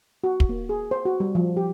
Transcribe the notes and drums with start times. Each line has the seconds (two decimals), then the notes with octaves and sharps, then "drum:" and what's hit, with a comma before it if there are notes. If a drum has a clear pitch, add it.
0.24 F#4
0.40 drum: kick
0.49 A#3
0.69 G#4
0.91 C5
1.05 F#4
1.20 G3
1.35 F3
1.57 G4